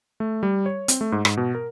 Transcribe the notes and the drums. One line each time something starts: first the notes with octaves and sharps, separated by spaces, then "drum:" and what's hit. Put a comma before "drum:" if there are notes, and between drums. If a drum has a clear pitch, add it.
A3
G3
C#5
C4, drum: hi-hat
A3
G#2
G#2, drum: rim click
B2
A#4